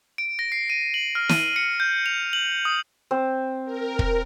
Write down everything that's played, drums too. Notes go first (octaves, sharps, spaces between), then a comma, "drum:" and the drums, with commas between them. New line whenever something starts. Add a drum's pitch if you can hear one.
D7
A#6
C7
D#7
F#7
F6
D#7, drum: snare
C#7
G6
F7
F#7
D#6
C4
A#4
drum: kick